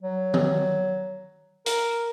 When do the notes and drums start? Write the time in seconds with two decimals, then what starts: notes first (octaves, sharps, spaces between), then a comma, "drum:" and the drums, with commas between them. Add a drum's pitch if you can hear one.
0.02 F#3
0.34 drum: tom D#3
1.66 A#4, drum: hi-hat